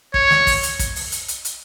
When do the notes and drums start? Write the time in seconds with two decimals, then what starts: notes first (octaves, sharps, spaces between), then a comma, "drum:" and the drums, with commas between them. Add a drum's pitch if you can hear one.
0.14 C#5, drum: kick
0.30 drum: snare
0.47 drum: kick, open hi-hat
0.63 drum: hi-hat
0.79 drum: kick, hi-hat
0.96 drum: open hi-hat
1.12 drum: hi-hat
1.28 drum: hi-hat
1.45 drum: hi-hat